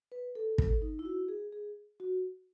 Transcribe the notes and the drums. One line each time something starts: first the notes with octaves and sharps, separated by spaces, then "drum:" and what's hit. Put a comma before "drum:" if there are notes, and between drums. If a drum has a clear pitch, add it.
B4
A4
A4, drum: kick
D#4
E4
F#4
G#4
G#4
F#4